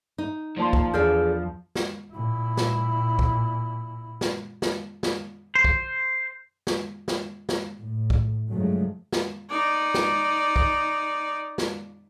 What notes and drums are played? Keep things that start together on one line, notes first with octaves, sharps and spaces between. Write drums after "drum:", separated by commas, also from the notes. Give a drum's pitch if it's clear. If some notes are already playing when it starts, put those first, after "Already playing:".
D#4
F3 A#3 D5 A5 C6
drum: kick
E2 D4 G#4 A4 D5 F6 G6
drum: snare
A#2 E4
drum: snare
drum: kick
drum: snare
drum: snare
drum: snare
C5
drum: kick
drum: snare
drum: snare
drum: snare
A2
drum: kick
G2 C#3 F3 F#3 G#3 A3
drum: snare
D#4 D5
drum: snare
drum: kick
drum: snare